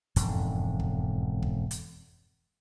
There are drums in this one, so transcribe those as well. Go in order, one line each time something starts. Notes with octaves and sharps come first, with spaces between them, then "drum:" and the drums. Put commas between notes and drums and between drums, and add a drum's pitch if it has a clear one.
E1 F2 G#2 D3, drum: hi-hat
drum: kick
drum: kick
drum: hi-hat